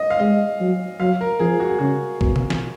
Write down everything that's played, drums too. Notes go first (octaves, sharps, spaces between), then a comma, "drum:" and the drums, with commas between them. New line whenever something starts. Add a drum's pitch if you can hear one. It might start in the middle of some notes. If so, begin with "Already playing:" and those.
Already playing: D#5
F5
G#3 D#5
F#3
F#3 F5
A#4
F3 G#4
F#4
G#4
C#3 F#4
B2, drum: kick
drum: tom B2
drum: snare